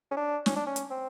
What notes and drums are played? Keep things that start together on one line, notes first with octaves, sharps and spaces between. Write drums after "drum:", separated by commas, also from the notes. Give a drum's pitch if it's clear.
C#4
D4
C#4, drum: snare
D4
C#4
drum: hi-hat
C4